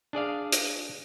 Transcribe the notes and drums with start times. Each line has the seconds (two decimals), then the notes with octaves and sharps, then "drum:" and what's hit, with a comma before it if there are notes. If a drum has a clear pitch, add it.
0.13 D4 G#4 D5 F5
0.52 drum: hi-hat